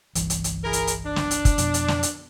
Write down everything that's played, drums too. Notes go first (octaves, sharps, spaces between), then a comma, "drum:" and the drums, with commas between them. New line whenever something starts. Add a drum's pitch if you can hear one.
G1 C2 E3, drum: hi-hat
drum: hi-hat
drum: hi-hat
E4 G#4 A#4
drum: hi-hat
drum: hi-hat
D4
drum: snare
drum: hi-hat
drum: kick, hi-hat
F2 B2, drum: hi-hat
drum: hi-hat
drum: snare
drum: hi-hat